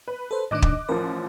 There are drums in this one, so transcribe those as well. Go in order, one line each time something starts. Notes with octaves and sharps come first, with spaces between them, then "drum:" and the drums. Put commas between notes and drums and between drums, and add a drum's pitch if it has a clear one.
B4
A4 C5
A2 D#3 D4 D#5 D6 F#6
drum: kick
A1 F3 A#4